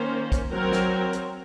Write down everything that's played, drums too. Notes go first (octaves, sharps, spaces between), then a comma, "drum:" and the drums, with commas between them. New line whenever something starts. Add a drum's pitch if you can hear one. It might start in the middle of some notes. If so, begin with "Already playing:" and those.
Already playing: D#3 A#3 C#4 C5
drum: kick, hi-hat
F#3 C4 A#4
drum: snare
drum: hi-hat